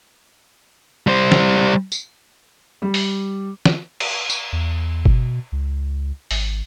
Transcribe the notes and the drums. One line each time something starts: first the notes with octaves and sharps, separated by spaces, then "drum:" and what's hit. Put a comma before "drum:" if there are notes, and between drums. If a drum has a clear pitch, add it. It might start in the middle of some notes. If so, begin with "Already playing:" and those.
G3 C5
drum: snare
drum: tambourine
G3
drum: open hi-hat
drum: snare
drum: cymbal
drum: tambourine
E2
B2, drum: kick G1
C#2
G#1, drum: open hi-hat